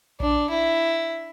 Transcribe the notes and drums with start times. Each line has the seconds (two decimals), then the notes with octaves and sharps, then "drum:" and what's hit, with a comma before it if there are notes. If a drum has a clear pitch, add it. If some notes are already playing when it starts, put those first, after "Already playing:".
0.20 D4, drum: kick A#1
0.50 E4